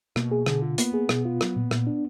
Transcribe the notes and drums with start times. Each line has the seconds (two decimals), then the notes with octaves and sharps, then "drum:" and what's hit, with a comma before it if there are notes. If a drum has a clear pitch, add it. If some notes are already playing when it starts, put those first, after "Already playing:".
0.16 B2 A#3, drum: rim click
0.31 G#4
0.46 B2 D3, drum: rim click
0.62 F4
0.78 A#3 B3, drum: hi-hat
0.94 G#4
1.09 B2, drum: rim click
1.25 F4
1.41 F#3, drum: rim click
1.56 A#2
1.71 A#2, drum: rim click
1.87 D4